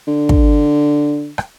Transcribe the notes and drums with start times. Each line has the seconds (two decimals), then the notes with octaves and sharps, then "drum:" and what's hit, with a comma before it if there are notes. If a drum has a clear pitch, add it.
0.07 D3
0.29 drum: kick
1.38 drum: rim click